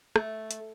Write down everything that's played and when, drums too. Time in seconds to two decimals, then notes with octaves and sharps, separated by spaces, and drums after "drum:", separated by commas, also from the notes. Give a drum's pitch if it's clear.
0.16 A3, drum: rim click
0.51 drum: hi-hat